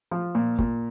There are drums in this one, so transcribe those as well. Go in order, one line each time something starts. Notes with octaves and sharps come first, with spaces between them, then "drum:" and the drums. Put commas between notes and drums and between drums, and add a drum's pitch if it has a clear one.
F3
A#2
A#2, drum: kick